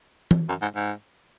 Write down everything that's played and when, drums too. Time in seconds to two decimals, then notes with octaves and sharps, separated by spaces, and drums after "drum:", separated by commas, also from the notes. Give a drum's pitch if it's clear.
0.31 drum: tom
0.49 F#2
0.62 G#2
0.76 G#2